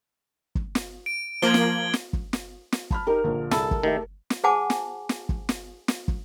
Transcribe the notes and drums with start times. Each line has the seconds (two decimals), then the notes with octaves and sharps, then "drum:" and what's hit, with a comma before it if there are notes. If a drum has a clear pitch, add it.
0.55 drum: kick
0.75 drum: snare
1.06 D7
1.42 F3 A#3 G#6 F#7 G7
1.54 drum: snare
1.93 drum: snare
2.13 drum: kick
2.33 drum: snare
2.72 drum: snare
2.91 A5 B5 F6, drum: kick
3.07 D#4 G4 A#4
3.24 A#1 D3 F3
3.51 C2 E4 G#4 A4, drum: snare
3.71 drum: kick
3.83 D#3 A3 G4 E5
4.30 drum: snare
4.44 G#4 C5 F#5 G#5 A5 D6
4.70 drum: snare
5.09 drum: snare
5.29 drum: kick
5.49 drum: snare
5.88 drum: snare
6.08 drum: kick